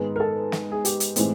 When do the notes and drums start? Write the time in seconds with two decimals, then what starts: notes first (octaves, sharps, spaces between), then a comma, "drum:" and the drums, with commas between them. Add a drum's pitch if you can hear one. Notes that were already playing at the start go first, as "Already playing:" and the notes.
Already playing: G#2 D#3 G#3 B3
0.16 A#4
0.20 A4
0.52 drum: snare
0.72 G#4
0.85 G4, drum: hi-hat
1.00 drum: hi-hat
1.16 A2 E3 G#3 C4, drum: hi-hat